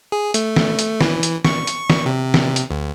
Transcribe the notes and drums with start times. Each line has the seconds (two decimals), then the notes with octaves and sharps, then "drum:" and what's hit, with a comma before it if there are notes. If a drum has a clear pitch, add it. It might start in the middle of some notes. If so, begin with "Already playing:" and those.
0.12 G#4
0.34 A3, drum: hi-hat
0.56 drum: snare
0.79 drum: hi-hat
1.01 E3, drum: snare
1.23 drum: hi-hat
1.45 C#6, drum: snare
1.67 drum: hi-hat
1.90 drum: snare
2.06 C3
2.34 drum: snare
2.56 drum: hi-hat
2.71 D2